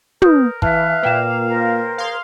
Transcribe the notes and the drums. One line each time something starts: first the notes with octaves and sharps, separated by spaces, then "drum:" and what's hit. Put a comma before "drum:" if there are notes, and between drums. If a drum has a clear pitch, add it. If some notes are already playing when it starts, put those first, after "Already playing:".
A#4 B4 D#6 G6, drum: tom
E3 E5 F5 A5 F#6, drum: kick
A#2 A#3 B4 G5 E7
A#4 C5
G#4 F5 C6